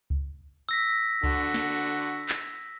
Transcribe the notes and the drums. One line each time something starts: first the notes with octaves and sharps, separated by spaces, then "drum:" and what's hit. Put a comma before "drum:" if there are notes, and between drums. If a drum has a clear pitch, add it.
drum: kick C#2
E6 A#6 B6
D3 F#4, drum: kick C#2
drum: snare
drum: clap